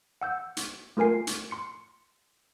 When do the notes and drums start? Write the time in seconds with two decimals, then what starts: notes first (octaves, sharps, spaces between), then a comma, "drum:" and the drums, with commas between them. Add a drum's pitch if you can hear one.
0.21 F#5 E6 G6
0.57 drum: hi-hat
0.97 A3 F4 A#4 G#5 C7
1.27 drum: hi-hat
1.51 C6 C#7